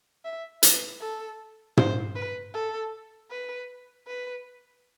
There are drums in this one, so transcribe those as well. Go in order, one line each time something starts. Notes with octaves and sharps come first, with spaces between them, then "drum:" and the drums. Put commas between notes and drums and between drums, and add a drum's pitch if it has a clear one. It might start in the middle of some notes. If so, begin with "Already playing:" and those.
E5
B4, drum: hi-hat
A4
C5, drum: tom
B4
A4
B4
B4